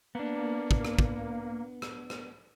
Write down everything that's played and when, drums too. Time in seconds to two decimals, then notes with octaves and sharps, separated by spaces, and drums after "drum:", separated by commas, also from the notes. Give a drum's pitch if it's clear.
0.15 A#3 B3 D4
0.71 drum: kick
0.85 drum: rim click
0.99 drum: kick
1.82 drum: rim click
2.10 drum: rim click